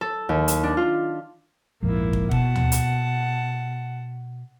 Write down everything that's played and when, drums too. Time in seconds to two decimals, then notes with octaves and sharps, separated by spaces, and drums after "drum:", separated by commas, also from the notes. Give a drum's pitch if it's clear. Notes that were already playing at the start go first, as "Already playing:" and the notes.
0.01 A4
0.29 D#2
0.48 drum: hi-hat
0.63 D4
0.77 F4
1.82 A#1 F2 G#2 A#3 E4
2.13 drum: kick
2.31 B2 F#5 A5, drum: kick
2.55 drum: tom
2.72 drum: hi-hat